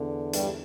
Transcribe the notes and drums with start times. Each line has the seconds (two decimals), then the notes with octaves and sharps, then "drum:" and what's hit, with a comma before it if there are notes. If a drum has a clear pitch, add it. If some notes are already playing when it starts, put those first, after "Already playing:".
Already playing: E2 D3
0.33 G2 G3, drum: hi-hat